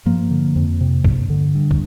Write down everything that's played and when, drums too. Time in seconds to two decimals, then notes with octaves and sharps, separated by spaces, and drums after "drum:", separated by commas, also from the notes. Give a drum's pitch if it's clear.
0.06 G2 F3 A#3
0.31 D3
0.56 F2
0.80 C3
1.05 G2, drum: kick
1.30 D3
1.55 G2
1.71 drum: kick